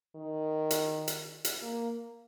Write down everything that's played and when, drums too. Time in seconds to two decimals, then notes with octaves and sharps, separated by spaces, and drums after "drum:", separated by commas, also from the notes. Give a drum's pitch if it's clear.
0.16 D#3
0.71 drum: hi-hat
1.08 drum: hi-hat
1.45 drum: hi-hat
1.62 A#3